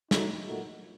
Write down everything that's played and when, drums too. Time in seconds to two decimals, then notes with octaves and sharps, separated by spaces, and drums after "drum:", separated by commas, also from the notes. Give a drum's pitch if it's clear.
0.11 F#3 A3 D#4, drum: snare
0.46 A#2 A3 D#4 F#4